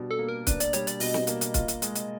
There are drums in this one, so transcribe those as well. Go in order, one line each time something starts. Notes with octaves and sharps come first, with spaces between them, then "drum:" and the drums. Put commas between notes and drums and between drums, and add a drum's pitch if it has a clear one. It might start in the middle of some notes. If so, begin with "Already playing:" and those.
Already playing: B2 G3 D4
A4
A#3
A#4
D4 B4, drum: kick, hi-hat
D5, drum: hi-hat
G3 C#5, drum: hi-hat
D5, drum: hi-hat
B2 D#5, drum: open hi-hat
drum: snare
A#3, drum: hi-hat
drum: hi-hat
F4, drum: kick, hi-hat
drum: hi-hat
G#3, drum: hi-hat
drum: hi-hat